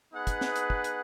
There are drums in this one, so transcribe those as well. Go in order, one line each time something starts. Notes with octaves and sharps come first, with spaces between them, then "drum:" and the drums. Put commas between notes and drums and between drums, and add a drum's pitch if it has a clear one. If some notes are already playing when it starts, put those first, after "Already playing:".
B3 D#4 G#4 B4 F#5
drum: kick, hi-hat
drum: snare
drum: hi-hat
drum: kick
drum: hi-hat